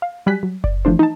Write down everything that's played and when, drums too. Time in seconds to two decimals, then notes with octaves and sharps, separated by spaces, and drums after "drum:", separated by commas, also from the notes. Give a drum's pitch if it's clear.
0.02 F5
0.26 F#3 G3 G#5 F#6 B6
0.43 F#3
0.64 D5, drum: kick F#1
0.85 E3 F3 A3 D4 C5
0.99 D#4 A5